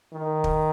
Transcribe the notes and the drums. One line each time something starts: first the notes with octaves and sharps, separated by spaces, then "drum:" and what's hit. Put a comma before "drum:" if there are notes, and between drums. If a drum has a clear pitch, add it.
D#3
drum: kick